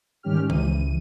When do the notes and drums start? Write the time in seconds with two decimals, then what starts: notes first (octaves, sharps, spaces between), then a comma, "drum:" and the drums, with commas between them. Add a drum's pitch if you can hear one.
0.23 G#2 D#3 G3 C#4 G4 F6
0.50 C#2 E3 D#7, drum: tom D#3